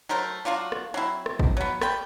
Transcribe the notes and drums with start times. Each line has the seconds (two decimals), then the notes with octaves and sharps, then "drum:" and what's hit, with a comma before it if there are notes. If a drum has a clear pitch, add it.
0.09 F#3 A3 A#4 C5
0.45 F#3 D4 F4 F#4
0.72 drum: rim click
0.94 F#3 C4 E4
1.26 drum: rim click
1.39 drum: kick A1
1.57 F#3 B3
1.81 G3 B4 G5, drum: rim click